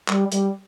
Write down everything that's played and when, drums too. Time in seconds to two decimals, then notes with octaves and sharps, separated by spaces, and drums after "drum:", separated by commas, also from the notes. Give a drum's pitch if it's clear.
0.08 G3, drum: clap
0.32 G3, drum: hi-hat